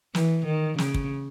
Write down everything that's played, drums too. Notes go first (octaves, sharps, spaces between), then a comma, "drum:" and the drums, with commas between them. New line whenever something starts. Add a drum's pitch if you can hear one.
E3, drum: snare
D#3
C#3, drum: snare
drum: kick